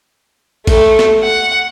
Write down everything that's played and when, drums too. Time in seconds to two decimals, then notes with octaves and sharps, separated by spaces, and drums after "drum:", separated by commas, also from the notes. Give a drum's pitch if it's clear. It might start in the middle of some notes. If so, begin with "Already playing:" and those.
0.67 A3, drum: kick A1, cymbal
0.99 drum: snare
1.24 F#5